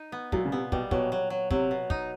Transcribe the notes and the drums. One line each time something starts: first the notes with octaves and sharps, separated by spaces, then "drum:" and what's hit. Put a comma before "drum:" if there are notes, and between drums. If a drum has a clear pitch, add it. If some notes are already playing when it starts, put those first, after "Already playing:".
Already playing: D#4
B3
A#2 F#3, drum: kick
C#3
C3 B3
B2 G3, drum: kick
B2 F#3, drum: kick
F#3
F#3
C3 F#3, drum: kick
B2
D#4, drum: kick